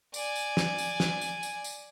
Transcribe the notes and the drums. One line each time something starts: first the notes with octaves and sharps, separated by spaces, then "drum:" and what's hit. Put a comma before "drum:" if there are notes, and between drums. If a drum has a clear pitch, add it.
D5 G#5, drum: tambourine
drum: tambourine
drum: snare
drum: tambourine
drum: snare
drum: tambourine
drum: tambourine
drum: tambourine